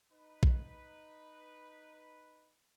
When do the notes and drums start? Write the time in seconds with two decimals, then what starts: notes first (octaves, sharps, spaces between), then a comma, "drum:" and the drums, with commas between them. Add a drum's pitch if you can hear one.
0.12 D#4 B4
0.43 drum: kick A#1